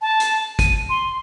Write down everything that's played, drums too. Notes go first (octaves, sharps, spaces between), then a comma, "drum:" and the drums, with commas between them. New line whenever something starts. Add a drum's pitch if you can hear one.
A5
drum: hi-hat
D#7, drum: kick, hi-hat
C6